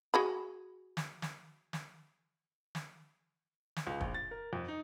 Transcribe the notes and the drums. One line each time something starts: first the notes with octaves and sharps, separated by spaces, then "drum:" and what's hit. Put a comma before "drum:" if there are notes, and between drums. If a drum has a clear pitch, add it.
F#4 G#4 B5
drum: snare
drum: snare
drum: snare
drum: snare
drum: snare
C#2
A#1, drum: kick
A6
A#4
F2
D#4